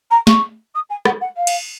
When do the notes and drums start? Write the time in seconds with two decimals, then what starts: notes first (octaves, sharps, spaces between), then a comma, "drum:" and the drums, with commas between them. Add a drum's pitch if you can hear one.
0.10 A#5
0.27 C#6, drum: snare
0.74 D#6
0.89 G#5
1.05 F#5, drum: rim click
1.21 F#5
1.37 F5
1.47 drum: cymbal